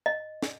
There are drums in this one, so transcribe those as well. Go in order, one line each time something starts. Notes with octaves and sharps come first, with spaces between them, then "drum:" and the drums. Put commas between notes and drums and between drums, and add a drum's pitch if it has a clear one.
D#5
drum: snare